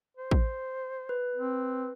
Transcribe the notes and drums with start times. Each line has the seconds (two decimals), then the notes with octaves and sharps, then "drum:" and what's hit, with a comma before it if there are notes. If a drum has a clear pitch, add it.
0.17 C5
0.31 drum: kick
1.09 B4
1.35 C4